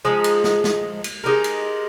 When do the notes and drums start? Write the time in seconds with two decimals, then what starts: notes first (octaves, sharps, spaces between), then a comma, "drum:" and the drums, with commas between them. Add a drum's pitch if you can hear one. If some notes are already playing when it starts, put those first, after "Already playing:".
0.05 F3 G#3 D#4
0.24 drum: cymbal
0.44 drum: snare
0.64 drum: snare
1.04 drum: cymbal
1.24 G#3 D#4 G4 A#4
1.44 drum: cymbal